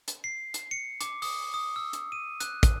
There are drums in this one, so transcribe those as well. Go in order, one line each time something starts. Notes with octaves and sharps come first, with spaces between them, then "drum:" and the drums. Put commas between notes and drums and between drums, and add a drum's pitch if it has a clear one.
drum: hi-hat
C7
drum: hi-hat
C#7
D6, drum: hi-hat
D#6, drum: open hi-hat
D#6
E6
drum: hi-hat
D#7
F#6, drum: hi-hat
drum: kick, hi-hat